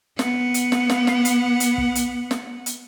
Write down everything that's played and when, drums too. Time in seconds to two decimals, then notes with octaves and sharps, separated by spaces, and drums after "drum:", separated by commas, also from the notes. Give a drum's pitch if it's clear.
0.19 B3 F#5, drum: snare
0.54 drum: hi-hat
0.72 drum: snare
0.90 drum: snare
1.07 drum: snare
1.25 drum: hi-hat
1.60 drum: hi-hat
1.78 drum: kick
1.95 drum: hi-hat
2.31 drum: snare
2.66 drum: hi-hat